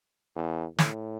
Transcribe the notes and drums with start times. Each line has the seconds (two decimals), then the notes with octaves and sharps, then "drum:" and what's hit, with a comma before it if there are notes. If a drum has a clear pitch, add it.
0.36 E2
0.79 A2, drum: snare